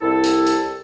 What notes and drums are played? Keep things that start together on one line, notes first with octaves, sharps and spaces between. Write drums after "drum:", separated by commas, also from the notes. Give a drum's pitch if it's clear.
C2 E4 A4
drum: hi-hat
drum: hi-hat